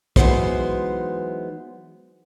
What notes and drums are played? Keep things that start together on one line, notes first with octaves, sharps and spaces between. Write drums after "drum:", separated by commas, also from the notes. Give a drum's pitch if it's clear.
E3 F#3 G#3 B3 D#4 C5, drum: kick